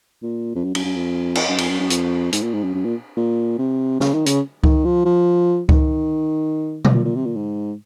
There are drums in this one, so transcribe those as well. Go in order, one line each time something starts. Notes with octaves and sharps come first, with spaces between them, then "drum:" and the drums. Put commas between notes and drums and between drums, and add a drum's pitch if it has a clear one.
A#2
F2
F#2
F#2, drum: cymbal
F#2
F2
drum: cymbal
F#2
F2, drum: cymbal
F#2
F#2
F2, drum: hi-hat
G#2, drum: hi-hat
A#2
G#2
F#2
F#2
A#2
A#2
C3
C#3, drum: snare
D#3
C#3, drum: hi-hat
D#3, drum: kick C#2
F3
F3
D#3, drum: kick C#2
drum: tom B2
A#2
A#2
C3
A#2
G#2